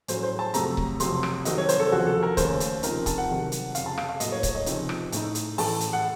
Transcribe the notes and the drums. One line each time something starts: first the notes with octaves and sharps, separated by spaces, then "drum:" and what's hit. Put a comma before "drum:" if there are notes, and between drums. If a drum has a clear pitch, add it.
A2 F#3 A3 C#4 C5, drum: hi-hat
C5
A5
F2 C3 F#3 A3 A#5, drum: hi-hat
drum: kick C#1
F#1 F2 C3 F#3 C6, drum: hi-hat
drum: rim click
C2 C3 D#3 F#3 C4 D#5, drum: hi-hat
C#5
C5, drum: hi-hat
A4
F1 D#2 C#3 F3 F#4
A4
A#4
D#2 C#3 A3 C#4 C5, drum: kick C#1, hi-hat
drum: hi-hat
C#2 C3 F3 C4 D#4 A#4, drum: hi-hat
A5, drum: kick C#1, hi-hat
F#5
C2 C3 D#3 F#3
drum: hi-hat
F1 F2 C#3 F5, drum: hi-hat
A5
F5, drum: rim click
F5
A2 F#3 A#3 D#5, drum: hi-hat
C#5
C#5, drum: kick C#1, hi-hat
D#5
C#2 C3 F3 C4 D#4, drum: hi-hat
drum: rim click
A2 A3 D#4, drum: hi-hat
drum: hi-hat
A1 A2 A3 A5, drum: open hi-hat
drum: hi-hat
F#5